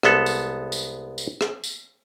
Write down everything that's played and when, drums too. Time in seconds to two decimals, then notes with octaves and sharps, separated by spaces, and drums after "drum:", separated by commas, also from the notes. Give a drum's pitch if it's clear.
0.03 C2 G#3 B3 A4, drum: rim click
0.26 drum: tambourine
0.72 drum: tambourine
1.18 drum: tambourine
1.41 drum: rim click
1.64 drum: tambourine